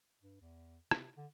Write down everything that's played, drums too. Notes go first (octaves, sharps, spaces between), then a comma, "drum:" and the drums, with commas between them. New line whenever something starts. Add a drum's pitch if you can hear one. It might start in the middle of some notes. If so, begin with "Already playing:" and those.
G2
E2
C3, drum: rim click
D3